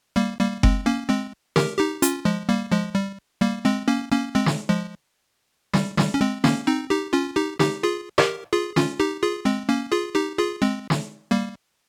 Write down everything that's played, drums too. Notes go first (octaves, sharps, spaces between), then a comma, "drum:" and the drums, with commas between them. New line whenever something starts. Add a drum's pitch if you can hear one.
G3 A#3
G3 A#3
G#3 C4, drum: kick F#1
A#3 C#4
G#3 C4
G4 A#4, drum: snare
D#4 G4
C#4 F4, drum: hi-hat
F3 G#3
G3 A#3
F3 G#3
G3
G3 A#3
G#3 C4
A#3 C#4
A#3 C#4
G#3 C4
drum: snare
F3 G#3
G3, drum: snare
G3, drum: snare
C#4
G#3 C4
A#3 C#4, drum: snare
C4 D#4
D#4 G4
C#4 F4
D#4 G4
D#4 G4, drum: snare
F4 G#4
G4 A#4, drum: rim click
F4 G#4
C#4 F4, drum: snare
D#4 G4
F4 G#4
G#3 C4
A#3 C#4
F4 G#4
D#4 G4
F4 G#4
G#3 C4
drum: snare
G3 A#3